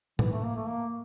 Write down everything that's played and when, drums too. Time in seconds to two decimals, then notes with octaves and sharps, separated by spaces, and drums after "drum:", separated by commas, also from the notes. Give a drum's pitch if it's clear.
0.19 E3, drum: tom A2
0.32 A3
0.43 A#3
0.56 A3
0.67 A#3